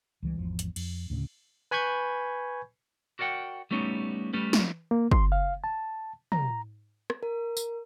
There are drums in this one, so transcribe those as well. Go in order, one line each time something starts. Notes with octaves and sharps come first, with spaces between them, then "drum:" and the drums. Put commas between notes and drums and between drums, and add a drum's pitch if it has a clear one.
C#2 E3 G3
G#1 E2 F3
drum: hi-hat
F2, drum: cymbal
D2 A2 C#3
B4 G#5 B5 C#6 G6 G#6
F#4 A#4 D5 F#5 G5
G3 A3 B3 C#4 D#4
G3 A3 C#4 B4
drum: snare
A#3
C6, drum: kick
F5
A5
A#5, drum: tom
drum: rim click
A#4
drum: tambourine